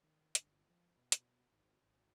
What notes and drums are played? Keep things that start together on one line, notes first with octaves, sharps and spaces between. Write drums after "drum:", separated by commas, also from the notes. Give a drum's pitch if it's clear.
D#3
G1, drum: hi-hat
F3
B2
drum: hi-hat
G#1
G#1